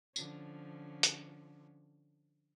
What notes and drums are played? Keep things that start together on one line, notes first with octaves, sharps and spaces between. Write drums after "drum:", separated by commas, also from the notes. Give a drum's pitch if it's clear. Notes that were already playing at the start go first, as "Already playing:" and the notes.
D3 F3 C#4, drum: tambourine
drum: hi-hat